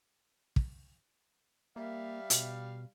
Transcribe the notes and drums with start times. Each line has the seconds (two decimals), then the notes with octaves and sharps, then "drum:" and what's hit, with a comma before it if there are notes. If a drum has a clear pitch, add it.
0.56 drum: kick
1.76 G3 A#3 E5 F5
2.30 B2, drum: hi-hat